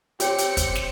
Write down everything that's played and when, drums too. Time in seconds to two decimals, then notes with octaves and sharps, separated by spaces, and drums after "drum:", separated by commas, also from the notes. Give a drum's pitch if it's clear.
0.20 C4 G4 C#5 G5 C#7, drum: hi-hat
0.38 drum: hi-hat
0.57 drum: kick, hi-hat
0.75 drum: snare